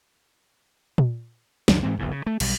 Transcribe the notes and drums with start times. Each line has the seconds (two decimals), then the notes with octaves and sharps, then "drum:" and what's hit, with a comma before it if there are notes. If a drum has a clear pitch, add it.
0.98 drum: tom A#2
1.68 C#2 F#2 D#3 D4, drum: snare
1.83 G#2 E3 C4
1.99 F#1 B1 E2 G#2
2.11 C#3
2.26 A3
2.40 B1 G3, drum: cymbal